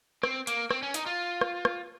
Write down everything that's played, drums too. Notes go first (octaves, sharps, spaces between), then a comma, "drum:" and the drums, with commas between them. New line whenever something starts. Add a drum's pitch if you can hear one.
C4, drum: rim click
A#3, drum: hi-hat
C4, drum: rim click
C#4
D#4, drum: hi-hat
F4
drum: rim click
drum: rim click